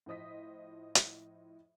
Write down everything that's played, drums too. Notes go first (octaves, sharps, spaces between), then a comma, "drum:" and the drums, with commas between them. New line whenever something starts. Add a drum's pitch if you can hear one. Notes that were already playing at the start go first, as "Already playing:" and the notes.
A2 F3 C5 D#5 D#6 B6
drum: hi-hat